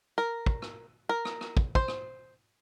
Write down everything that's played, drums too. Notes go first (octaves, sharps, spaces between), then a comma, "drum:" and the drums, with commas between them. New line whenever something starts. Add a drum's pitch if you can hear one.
A#4
drum: kick
drum: rim click
A#4
drum: rim click
drum: rim click
drum: kick
C5, drum: kick
drum: rim click